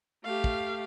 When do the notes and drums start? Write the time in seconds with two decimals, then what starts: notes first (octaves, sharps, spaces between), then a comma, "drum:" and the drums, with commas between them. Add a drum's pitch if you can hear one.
0.25 A3 G4 F5
0.44 drum: kick